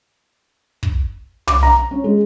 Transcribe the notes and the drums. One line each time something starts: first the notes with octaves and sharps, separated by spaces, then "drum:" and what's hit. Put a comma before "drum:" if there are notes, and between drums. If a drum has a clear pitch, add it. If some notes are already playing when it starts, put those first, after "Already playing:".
drum: kick
D6, drum: tom
A#5
C#4
G#3